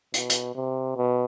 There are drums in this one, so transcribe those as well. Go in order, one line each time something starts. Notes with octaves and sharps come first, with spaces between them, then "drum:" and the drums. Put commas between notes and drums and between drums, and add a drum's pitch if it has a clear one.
B2, drum: hi-hat
drum: hi-hat
C3
B2